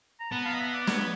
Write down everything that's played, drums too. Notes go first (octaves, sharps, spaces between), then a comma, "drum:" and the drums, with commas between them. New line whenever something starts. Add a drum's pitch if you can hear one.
A#5
B3 A5
F5
D#5
E5
D5
C#5, drum: snare